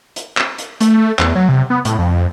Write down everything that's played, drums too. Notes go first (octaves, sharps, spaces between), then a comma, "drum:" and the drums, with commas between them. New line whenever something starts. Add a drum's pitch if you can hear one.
drum: hi-hat
drum: clap
drum: hi-hat
A3, drum: hi-hat
A3
E2, drum: clap
F#3
C3
B3
A2, drum: hi-hat
F2